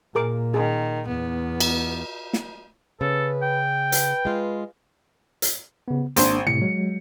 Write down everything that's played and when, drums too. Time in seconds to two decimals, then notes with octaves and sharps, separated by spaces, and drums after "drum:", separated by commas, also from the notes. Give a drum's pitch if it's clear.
0.15 A#2 G#4 A#4 D6
0.54 D#3 G#4
1.07 E2 B3
1.60 drum: cymbal
2.33 drum: snare
3.01 C#3 A4 B4
3.42 G5
3.92 B4, drum: hi-hat
4.25 G#3 F4
5.42 drum: hi-hat
5.88 C#3 B3
6.16 G#1 A#3 D4 C5, drum: hi-hat
6.47 A2 C3 C#7
6.62 F#3 G#3